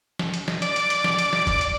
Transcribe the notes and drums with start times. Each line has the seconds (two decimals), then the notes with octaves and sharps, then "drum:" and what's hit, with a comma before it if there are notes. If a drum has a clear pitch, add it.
0.19 drum: snare
0.34 drum: hi-hat
0.48 drum: snare
0.62 D5, drum: hi-hat
0.76 drum: hi-hat
0.90 drum: hi-hat
1.04 drum: snare
1.19 drum: hi-hat
1.33 drum: snare
1.47 drum: kick F1, hi-hat
1.61 drum: hi-hat